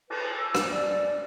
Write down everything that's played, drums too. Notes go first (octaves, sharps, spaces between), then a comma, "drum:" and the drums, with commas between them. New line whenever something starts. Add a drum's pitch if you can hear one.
B4, drum: cymbal
E6
drum: rim click
D5